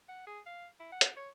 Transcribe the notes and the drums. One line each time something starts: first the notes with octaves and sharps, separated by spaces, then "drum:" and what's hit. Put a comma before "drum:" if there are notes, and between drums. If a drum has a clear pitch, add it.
F#5
G#4
F5
E4
F#5
drum: hi-hat
C#5